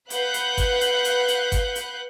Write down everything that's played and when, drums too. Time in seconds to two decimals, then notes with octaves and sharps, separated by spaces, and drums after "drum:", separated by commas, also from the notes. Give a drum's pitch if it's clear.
0.10 B4 F5 F#5 F#6 G6, drum: hi-hat
0.34 drum: hi-hat
0.57 drum: kick G1, hi-hat
0.81 drum: hi-hat
1.05 drum: hi-hat
1.28 drum: hi-hat
1.52 drum: kick G1, hi-hat
1.75 drum: hi-hat